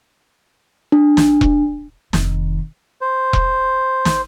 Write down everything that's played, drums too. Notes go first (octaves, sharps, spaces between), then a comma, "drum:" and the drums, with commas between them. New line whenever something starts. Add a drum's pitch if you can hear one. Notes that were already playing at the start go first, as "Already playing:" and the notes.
D4
drum: snare
drum: kick E1
F1 D#3, drum: snare
C5
drum: kick E1
drum: snare